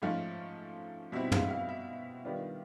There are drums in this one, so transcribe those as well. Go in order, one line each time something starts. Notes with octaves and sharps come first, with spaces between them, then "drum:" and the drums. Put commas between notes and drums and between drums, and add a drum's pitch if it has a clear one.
G#2 F3 A3 C#4 F5
B2 G3 C4 E4 E5
F5, drum: tom
F5
E5
D#3 G3 B3 D4 F4